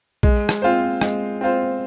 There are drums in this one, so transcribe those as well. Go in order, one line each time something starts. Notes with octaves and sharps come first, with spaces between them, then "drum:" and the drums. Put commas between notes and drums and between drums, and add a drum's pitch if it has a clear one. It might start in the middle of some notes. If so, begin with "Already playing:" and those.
G#3, drum: kick A#1
drum: rim click
C4 F4 C5
G#3, drum: rim click
C4 F4 C5